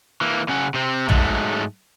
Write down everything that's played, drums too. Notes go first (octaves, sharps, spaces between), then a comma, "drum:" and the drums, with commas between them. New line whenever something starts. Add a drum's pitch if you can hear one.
E3 A#3
C#3 C#4 F#5
C3 C4
G#2 F#3 G#3 A3, drum: tom